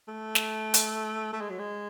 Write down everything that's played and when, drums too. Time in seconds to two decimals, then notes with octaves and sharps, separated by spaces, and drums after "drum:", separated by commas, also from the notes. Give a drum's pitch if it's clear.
0.08 A3
0.35 drum: snare
0.74 drum: hi-hat
1.33 A3
1.41 G#3
1.50 F#3
1.59 G#3